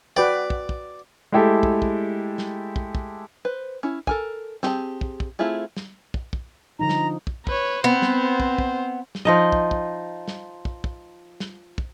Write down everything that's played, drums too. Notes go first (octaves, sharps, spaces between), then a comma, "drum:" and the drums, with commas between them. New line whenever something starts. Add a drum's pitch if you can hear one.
F#4 B4 D5 G5
drum: kick
drum: kick
G#3 A3 E4 G4 A4
drum: kick
drum: kick
drum: snare
drum: kick
drum: kick
B4 C5
C#4 E4
A4 A#4 G#5, drum: kick
C4 G4 G#4 A5, drum: snare
drum: kick
drum: kick
A3 C4 E4 F4 G#4
drum: snare
drum: kick
drum: kick
D3 F3 D#4 A#5
drum: snare
drum: kick
B4 C#5, drum: kick
B3 C4 C5
drum: snare
drum: kick
drum: kick
drum: snare
F3 D#4 D#5
drum: kick
drum: kick
drum: snare
drum: kick
drum: kick
drum: snare
drum: kick